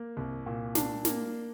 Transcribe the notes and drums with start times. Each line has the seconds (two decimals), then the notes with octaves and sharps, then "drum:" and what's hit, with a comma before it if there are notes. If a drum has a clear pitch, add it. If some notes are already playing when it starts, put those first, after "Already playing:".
Already playing: A#3
0.17 C2
0.46 A#2
0.75 D4, drum: snare
1.05 A#3, drum: snare